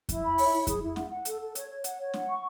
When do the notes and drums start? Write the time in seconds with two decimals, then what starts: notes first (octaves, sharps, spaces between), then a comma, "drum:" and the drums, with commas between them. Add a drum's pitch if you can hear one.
0.09 E4, drum: kick F2, hi-hat
0.23 B5
0.38 C#5, drum: open hi-hat
0.52 E4
0.67 G#4, drum: kick F2, hi-hat
0.81 E4
0.96 F#5, drum: snare
1.10 F#5
1.25 A4, drum: hi-hat
1.41 A4
1.55 C#5, drum: hi-hat
1.69 C#5
1.84 F#5, drum: hi-hat
1.99 C#5
2.14 F#5, drum: snare
2.28 C#6